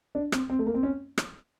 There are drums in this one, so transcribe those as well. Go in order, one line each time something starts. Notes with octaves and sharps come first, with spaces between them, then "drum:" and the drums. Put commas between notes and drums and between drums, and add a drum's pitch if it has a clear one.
D4
C4, drum: rim click
C4
A3
A#3
C4
C#4
drum: rim click